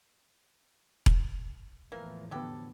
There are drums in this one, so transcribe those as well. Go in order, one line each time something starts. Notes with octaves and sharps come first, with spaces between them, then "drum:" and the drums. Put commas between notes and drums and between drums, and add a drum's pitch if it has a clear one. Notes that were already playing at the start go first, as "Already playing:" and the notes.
drum: kick E1
E2 A2 E3 F3 A#3 A#4
D3 F#3 B3 G4 A4